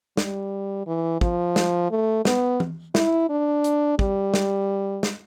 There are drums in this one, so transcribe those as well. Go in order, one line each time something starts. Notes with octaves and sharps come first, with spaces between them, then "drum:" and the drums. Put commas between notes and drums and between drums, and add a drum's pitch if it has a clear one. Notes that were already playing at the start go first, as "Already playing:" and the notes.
G3, drum: snare
E3
F3, drum: kick
drum: snare
A3
B3, drum: snare
drum: tom E3
E4, drum: snare
D4
drum: hi-hat
G3, drum: kick
drum: snare
drum: snare